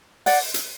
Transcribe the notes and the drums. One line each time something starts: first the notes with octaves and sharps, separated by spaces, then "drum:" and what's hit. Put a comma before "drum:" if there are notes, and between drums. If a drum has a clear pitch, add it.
D5 F#5, drum: open hi-hat
drum: hi-hat